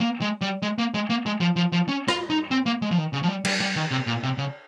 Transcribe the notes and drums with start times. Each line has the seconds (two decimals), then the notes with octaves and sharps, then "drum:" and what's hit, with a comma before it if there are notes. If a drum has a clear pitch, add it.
0.01 A#3
0.21 G#3
0.41 G3
0.62 G#3
0.78 A#3
0.94 G#3
1.10 A#3
1.26 G#3
1.41 F3
1.56 F3
1.72 F3
1.88 C#4
2.08 F4, drum: rim click
2.30 D#4
2.51 C4
2.66 A#3
2.82 G#3
2.91 F3
2.98 D#3
3.13 C#3
3.23 F3
3.28 G3
3.45 G3, drum: cymbal
3.60 G3
3.76 D#3
3.91 C3
4.07 A#2
4.23 C3
4.38 C#3